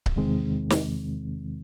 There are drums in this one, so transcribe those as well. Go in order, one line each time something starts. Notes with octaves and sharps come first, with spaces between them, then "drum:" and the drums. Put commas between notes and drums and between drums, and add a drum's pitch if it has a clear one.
drum: kick C#1
E2 C3 D#3 G#3 C4
drum: snare